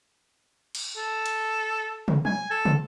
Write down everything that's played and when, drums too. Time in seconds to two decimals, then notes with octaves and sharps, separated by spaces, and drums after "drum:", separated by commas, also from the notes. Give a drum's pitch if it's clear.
0.75 drum: cymbal
0.97 A4
1.26 drum: cymbal
2.08 drum: tom
2.25 G#5, drum: tom F3
2.51 A4
2.65 drum: tom